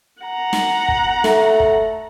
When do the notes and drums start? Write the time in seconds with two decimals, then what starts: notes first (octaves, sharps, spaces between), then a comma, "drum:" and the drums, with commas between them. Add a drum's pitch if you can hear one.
0.23 F#5 A#5
0.53 drum: snare
0.88 drum: kick
1.24 A3, drum: snare
1.60 drum: kick